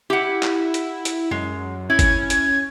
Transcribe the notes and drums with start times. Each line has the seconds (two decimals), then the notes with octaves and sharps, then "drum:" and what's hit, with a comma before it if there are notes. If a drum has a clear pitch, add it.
0.10 E4 G4 F#5
0.43 drum: clap
0.74 drum: hi-hat
1.05 drum: hi-hat
1.31 F#2 G#3
1.90 C#4 E4 G#6
1.99 drum: kick, hi-hat
2.30 G#6, drum: hi-hat